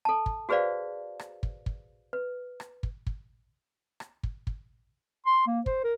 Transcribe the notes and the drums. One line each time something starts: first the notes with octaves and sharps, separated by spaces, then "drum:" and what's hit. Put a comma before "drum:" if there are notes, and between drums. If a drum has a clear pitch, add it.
A4 A5
drum: kick
F#4 G#4 B4 C5 D5 F5
drum: rim click
drum: kick
drum: kick
B4
drum: rim click
drum: kick
drum: kick
drum: rim click
drum: kick
drum: kick
C6
A#3
C5, drum: kick
A#4